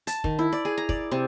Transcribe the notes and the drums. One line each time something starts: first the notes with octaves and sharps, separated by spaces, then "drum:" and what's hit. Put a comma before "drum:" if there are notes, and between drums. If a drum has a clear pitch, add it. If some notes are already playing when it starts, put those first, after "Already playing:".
A5, drum: hi-hat
D#3, drum: kick
E4
D5
G#4
A#5
D5, drum: kick
C3